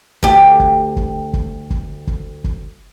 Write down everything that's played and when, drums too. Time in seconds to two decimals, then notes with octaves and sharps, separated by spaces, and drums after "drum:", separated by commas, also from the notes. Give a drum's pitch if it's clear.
0.23 D2 G4, drum: kick
0.60 drum: kick
0.97 drum: kick
1.33 drum: kick
1.70 drum: kick
2.07 drum: kick
2.44 drum: kick